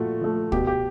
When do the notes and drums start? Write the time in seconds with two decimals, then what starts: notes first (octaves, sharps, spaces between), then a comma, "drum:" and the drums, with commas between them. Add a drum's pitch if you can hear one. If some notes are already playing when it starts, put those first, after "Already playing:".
Already playing: A#2 F3 A3 F4 F#4
0.21 F3 A3
0.52 B2 G4, drum: kick
0.67 G4